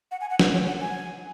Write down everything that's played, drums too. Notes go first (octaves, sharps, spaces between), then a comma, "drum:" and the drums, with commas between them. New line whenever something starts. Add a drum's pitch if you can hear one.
F#5
G#5
F#5
B4, drum: snare
C#5
F#5
G#5